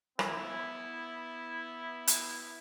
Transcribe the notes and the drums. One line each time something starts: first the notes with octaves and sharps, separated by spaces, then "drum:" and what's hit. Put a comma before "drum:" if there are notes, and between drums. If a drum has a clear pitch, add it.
B3 E4, drum: rim click
drum: hi-hat